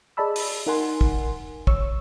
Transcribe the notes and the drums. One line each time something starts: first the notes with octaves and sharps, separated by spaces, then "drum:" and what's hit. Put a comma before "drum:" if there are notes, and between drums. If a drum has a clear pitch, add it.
G#4 D5 D#5 A5 B5 E6
drum: open hi-hat
D#4 A#4 F#5 G#5 C6
drum: kick
C#5 C#6 E6, drum: kick